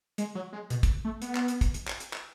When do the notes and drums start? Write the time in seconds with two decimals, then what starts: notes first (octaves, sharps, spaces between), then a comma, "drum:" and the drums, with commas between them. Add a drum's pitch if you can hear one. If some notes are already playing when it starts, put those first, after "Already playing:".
0.18 G#3, drum: hi-hat
0.35 F#3
0.53 G#3
0.70 B2, drum: hi-hat
0.83 drum: kick, hi-hat
1.05 A3
1.22 B3, drum: hi-hat
1.35 drum: clap
1.48 drum: hi-hat
1.61 drum: kick, hi-hat
1.74 drum: hi-hat
1.87 drum: clap
2.00 drum: hi-hat
2.13 drum: clap